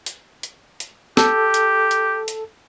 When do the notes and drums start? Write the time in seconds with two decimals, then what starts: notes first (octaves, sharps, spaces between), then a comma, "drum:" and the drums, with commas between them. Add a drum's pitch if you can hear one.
0.06 drum: hi-hat
0.43 drum: hi-hat
0.80 drum: hi-hat
1.17 G4 A4, drum: snare
1.54 drum: hi-hat
1.91 drum: hi-hat
2.28 drum: hi-hat